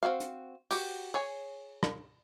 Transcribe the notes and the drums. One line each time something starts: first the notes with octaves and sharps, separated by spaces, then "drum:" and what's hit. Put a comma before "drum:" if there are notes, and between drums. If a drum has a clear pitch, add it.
C4 D4 F#4 F5
drum: hi-hat
F#4 G4, drum: open hi-hat
G#4 C#5 G#5
drum: rim click